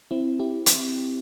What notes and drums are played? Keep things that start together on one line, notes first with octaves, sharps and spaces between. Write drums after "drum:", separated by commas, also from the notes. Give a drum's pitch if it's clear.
C4 E4
E4 G4
drum: hi-hat